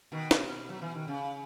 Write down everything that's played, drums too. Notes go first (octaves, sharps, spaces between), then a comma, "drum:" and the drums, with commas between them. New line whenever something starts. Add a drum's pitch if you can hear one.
B2 D#3
B2, drum: snare
F#3
E3
D#3
C#3